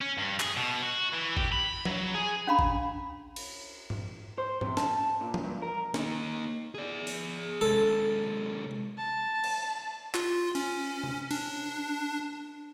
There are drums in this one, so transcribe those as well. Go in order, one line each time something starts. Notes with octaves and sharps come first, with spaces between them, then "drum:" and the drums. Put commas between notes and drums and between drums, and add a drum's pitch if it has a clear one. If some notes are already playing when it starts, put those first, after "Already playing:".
C#4
G2
G#4, drum: clap
B2
F#4
E3
G4, drum: kick G#1
B5
F#3, drum: tom F3
G#4
C#4 D4 F5 A#5 B5
drum: kick G#1
drum: cymbal
drum: tom G#2
C5
C3, drum: tom G#2
A5, drum: snare
A#2
drum: tom F3
G2
A#4
A#3 D#4, drum: snare
G#4 D5
drum: open hi-hat
C3 G#3 A4
A5
drum: cymbal
F4, drum: clap
C#4, drum: cymbal
drum: tom C3
D4, drum: cymbal